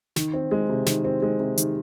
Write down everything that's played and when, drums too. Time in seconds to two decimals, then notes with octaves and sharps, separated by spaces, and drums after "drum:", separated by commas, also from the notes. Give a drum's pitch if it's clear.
0.16 D#3, drum: snare
0.34 C4
0.51 G#3
0.69 C3
0.86 D#3, drum: snare
1.04 C4
1.22 G#3
1.39 C3
1.58 D#3, drum: hi-hat